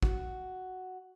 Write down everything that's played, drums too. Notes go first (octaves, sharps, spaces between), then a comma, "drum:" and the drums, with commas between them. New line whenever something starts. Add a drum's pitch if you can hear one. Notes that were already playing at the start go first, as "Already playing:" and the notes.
F#4, drum: kick